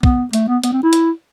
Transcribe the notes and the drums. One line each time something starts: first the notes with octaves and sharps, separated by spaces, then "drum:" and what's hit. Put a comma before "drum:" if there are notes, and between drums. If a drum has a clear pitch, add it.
B3, drum: kick
A3, drum: hi-hat
B3
B3, drum: hi-hat
C4
E4
drum: hi-hat